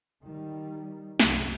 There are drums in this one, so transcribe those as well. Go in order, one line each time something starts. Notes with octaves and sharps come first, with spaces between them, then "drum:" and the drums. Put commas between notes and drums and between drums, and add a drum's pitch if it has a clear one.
D#3 G3
C2 F#2 C3 F#3, drum: snare